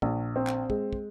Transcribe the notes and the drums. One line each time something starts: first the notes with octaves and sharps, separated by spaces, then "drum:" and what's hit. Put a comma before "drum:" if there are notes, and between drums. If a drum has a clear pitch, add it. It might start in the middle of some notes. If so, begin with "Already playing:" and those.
A#1, drum: kick
C4
drum: clap
G#3, drum: kick
drum: kick